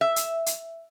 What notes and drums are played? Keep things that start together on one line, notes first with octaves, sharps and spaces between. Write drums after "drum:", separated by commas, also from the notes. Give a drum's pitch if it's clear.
E5
drum: hi-hat
drum: hi-hat